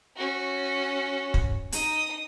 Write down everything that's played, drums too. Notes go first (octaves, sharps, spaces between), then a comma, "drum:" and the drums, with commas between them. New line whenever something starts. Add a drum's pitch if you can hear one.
C#4 F#4
drum: kick
D#4 D#6, drum: hi-hat